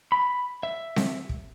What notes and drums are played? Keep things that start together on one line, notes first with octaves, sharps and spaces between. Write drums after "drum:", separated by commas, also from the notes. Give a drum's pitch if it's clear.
B5
E5
drum: snare C4
drum: kick